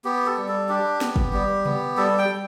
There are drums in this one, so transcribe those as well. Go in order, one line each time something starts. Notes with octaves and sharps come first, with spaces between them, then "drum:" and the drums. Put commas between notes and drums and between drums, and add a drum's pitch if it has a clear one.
B3 G4
A4
G3
A4
D4 G4
B3, drum: snare
drum: kick
G3
B3, drum: tom C3
G3 A4
G5
G3